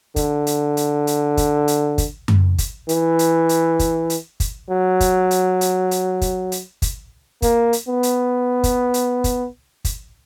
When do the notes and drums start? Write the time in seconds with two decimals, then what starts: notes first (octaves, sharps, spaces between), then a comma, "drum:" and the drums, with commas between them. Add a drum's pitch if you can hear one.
0.16 D3, drum: kick, hi-hat
0.47 drum: hi-hat
0.77 drum: hi-hat
1.07 drum: hi-hat
1.37 drum: kick, hi-hat
1.68 drum: hi-hat
1.98 drum: kick, hi-hat
2.28 drum: tom F#2
2.58 drum: kick, hi-hat
2.89 E3, drum: hi-hat
3.19 drum: hi-hat
3.49 drum: hi-hat
3.79 drum: kick, hi-hat
4.10 drum: hi-hat
4.40 drum: kick, hi-hat
4.70 F#3
5.00 drum: kick, hi-hat
5.31 drum: hi-hat
5.61 drum: hi-hat
5.91 drum: hi-hat
6.21 drum: kick, hi-hat
6.52 drum: hi-hat
6.82 drum: kick, hi-hat
7.42 A#3, drum: kick, hi-hat
7.73 drum: hi-hat
7.88 B3
8.03 drum: hi-hat
8.64 drum: kick, hi-hat
8.94 drum: hi-hat
9.24 drum: kick, hi-hat
9.85 drum: kick, hi-hat